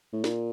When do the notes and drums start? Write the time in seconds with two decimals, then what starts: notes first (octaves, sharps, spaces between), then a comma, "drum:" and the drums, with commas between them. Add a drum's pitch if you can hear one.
0.13 A2
0.24 A#2, drum: snare